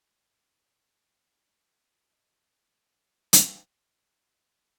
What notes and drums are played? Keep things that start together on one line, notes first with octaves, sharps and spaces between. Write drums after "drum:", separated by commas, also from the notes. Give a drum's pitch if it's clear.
G2 F#4 D5 G5 F#6
B2 A3 D#4 C5 E5
drum: hi-hat